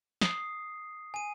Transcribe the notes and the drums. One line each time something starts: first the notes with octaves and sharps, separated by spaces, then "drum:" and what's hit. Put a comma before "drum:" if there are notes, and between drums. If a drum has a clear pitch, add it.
D#6 C7, drum: snare
G#5 D#7